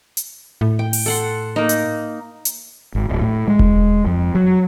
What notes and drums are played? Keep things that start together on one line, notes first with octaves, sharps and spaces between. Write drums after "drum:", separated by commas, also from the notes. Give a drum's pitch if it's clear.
drum: hi-hat
A2
G5
drum: open hi-hat
A4 F#5 C6
A#3 D#4
drum: hi-hat
drum: hi-hat
G#1
D1
A2
G#3
drum: kick E1
F2
F#3